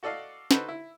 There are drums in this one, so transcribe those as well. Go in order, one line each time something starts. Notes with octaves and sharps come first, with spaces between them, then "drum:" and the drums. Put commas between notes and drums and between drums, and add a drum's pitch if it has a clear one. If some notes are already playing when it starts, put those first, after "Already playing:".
F#4 A4 D5 D#5 F5
D#4 F#4 A4 B4 C5, drum: snare
E4